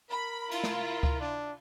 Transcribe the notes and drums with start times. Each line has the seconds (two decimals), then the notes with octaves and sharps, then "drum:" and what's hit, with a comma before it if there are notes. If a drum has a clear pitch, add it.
0.10 A#4 B5
0.51 E4 F4, drum: cymbal
0.63 drum: snare
1.03 drum: kick C#2
1.20 D4